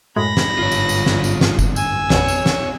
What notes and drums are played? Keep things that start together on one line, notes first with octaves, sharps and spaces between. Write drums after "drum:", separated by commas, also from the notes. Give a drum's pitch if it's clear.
F#2 A2 G#3 B5 A#6
drum: snare
G1 G#2 F4 C#5
drum: tambourine
drum: tambourine
drum: snare
drum: tambourine
drum: snare
drum: kick F#1, tambourine
G#5 E6, drum: tambourine
A1 F2 B2 C#5, drum: snare
drum: tambourine
drum: snare